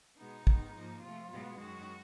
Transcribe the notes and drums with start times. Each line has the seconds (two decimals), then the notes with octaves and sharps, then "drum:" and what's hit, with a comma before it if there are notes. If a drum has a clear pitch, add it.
0.19 B2 G#3 B3 D#4
0.47 G#2 D#3 G#3 B3, drum: kick
0.76 G#2 F3 A#3
1.04 C3 F3 A3 F4
1.32 B2 G#3 B3
1.60 F#2 D#3 G#3 F#4